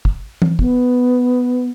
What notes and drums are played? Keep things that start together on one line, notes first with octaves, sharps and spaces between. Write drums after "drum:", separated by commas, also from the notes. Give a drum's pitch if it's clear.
drum: kick
drum: tom E3
B3, drum: kick